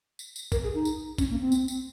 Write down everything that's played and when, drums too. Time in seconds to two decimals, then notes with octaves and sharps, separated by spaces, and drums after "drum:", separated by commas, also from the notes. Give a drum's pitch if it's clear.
0.19 drum: tambourine
0.36 drum: tambourine
0.52 A#4, drum: kick, tambourine
0.64 G#4
0.74 D#4
0.85 drum: tambourine
1.18 C#4, drum: kick, tambourine
1.30 A#3
1.40 C4
1.52 drum: tambourine
1.68 drum: tambourine